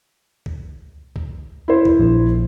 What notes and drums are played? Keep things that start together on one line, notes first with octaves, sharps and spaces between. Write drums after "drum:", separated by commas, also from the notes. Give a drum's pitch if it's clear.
drum: kick C2
drum: kick C2
E4 C5
drum: kick C2
A#1